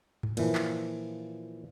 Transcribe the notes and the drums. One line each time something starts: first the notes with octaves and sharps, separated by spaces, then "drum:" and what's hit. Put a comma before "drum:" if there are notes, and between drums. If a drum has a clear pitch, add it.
drum: tom G2
A#2 E3 F3, drum: cymbal
drum: clap